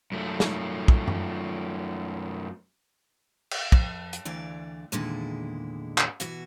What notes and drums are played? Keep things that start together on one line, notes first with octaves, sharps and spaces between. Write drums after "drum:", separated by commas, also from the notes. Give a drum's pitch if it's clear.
F#2 A3
drum: snare
drum: kick
drum: tom F#2
drum: cymbal
F2, drum: kick
drum: hi-hat
D2 E3 D5 F5
E2 A#2 D3 D#3 G#3 E4
drum: clap
B2 E3 F#4, drum: hi-hat